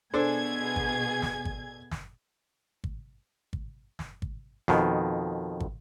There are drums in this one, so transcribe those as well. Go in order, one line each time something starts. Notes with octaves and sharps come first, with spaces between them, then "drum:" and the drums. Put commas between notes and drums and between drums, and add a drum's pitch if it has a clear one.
B2 D4 G#4 A4 C5 G#6
drum: kick
drum: snare
drum: kick
drum: snare
drum: kick
drum: kick
drum: snare
drum: kick
F2 B2 D#3, drum: snare
drum: kick